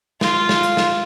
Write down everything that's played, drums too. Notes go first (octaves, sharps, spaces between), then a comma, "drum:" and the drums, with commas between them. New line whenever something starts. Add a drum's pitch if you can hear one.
F4, drum: snare
drum: snare
drum: hi-hat
drum: snare